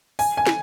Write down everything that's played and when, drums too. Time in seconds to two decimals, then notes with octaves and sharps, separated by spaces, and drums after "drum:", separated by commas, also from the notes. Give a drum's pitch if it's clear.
0.19 G#5, drum: open hi-hat
0.37 G#5
0.46 drum: snare